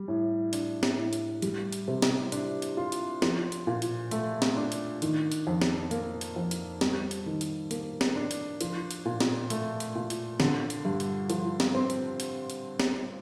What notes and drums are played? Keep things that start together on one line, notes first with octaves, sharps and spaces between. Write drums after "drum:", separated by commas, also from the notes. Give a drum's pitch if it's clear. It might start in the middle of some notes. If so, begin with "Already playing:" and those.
Already playing: G3
A2
D4, drum: hi-hat
drum: snare
A2
drum: hi-hat
G3, drum: hi-hat
drum: hi-hat
C3
drum: snare
D4, drum: hi-hat
drum: hi-hat
F4
drum: hi-hat
F3, drum: snare
drum: hi-hat
A#2
drum: hi-hat
A3, drum: hi-hat
drum: snare
D4
drum: hi-hat
D#3, drum: hi-hat
drum: hi-hat
F2
drum: snare
A#3, drum: hi-hat
drum: hi-hat
F2
drum: hi-hat
G3, drum: snare
drum: hi-hat
D#3
drum: hi-hat
A#3, drum: hi-hat
drum: snare
D4
drum: hi-hat
F3, drum: hi-hat
drum: hi-hat
A#2
drum: snare
A3, drum: hi-hat
drum: hi-hat
A#2
drum: hi-hat
D3, drum: snare
drum: hi-hat
G2
drum: hi-hat
F3, drum: hi-hat
drum: snare
C4
drum: hi-hat
drum: hi-hat
drum: hi-hat
drum: snare